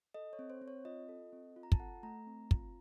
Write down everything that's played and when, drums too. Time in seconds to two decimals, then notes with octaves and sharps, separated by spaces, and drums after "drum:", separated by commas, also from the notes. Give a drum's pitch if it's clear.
0.14 A4 D#5
0.33 C#5
0.39 C4
0.50 C5
0.62 C4
0.68 C#5
0.85 F4 D#5
1.09 A4
1.32 C4
1.56 F4
1.63 A#5
1.72 A5, drum: kick
1.80 A4 F#5
2.03 A3 A#5
2.27 C4
2.51 F4, drum: kick